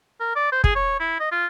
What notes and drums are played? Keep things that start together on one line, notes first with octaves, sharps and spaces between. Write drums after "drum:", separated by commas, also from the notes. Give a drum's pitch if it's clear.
A#4
D5
C5
G#4, drum: kick
C#5
E4
D#5
F4